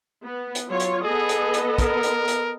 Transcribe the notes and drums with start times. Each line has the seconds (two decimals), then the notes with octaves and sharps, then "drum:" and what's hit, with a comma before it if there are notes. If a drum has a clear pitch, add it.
0.25 B3
0.55 drum: hi-hat
0.69 F#3 F4 C#5
0.80 drum: hi-hat
1.04 B3 G#4 A4 D#5
1.29 drum: hi-hat
1.54 drum: hi-hat
1.78 A#4, drum: kick, hi-hat
2.03 drum: hi-hat
2.28 drum: hi-hat